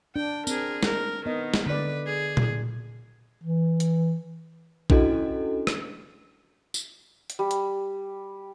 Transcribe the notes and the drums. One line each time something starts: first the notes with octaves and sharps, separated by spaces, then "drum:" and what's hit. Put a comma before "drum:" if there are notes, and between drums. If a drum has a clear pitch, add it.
D4 G5
C4 G#4 A#4, drum: tambourine
A#4, drum: snare
D#3 B3 D#5
drum: snare
D3 B4 D5
G#4
drum: tom A#2
E3
drum: hi-hat
C#4 D4 E4 F#4 A4 D#5, drum: kick A#1
drum: rim click
drum: tambourine
drum: hi-hat
G3
drum: hi-hat